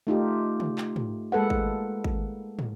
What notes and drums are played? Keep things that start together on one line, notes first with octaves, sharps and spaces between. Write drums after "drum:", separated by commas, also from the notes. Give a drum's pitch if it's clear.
A3 D#4 F4 G4
drum: tom
drum: clap
drum: tom
G#3 A#3 A4 B4 F#5
drum: kick G#1
drum: kick G#1
drum: tom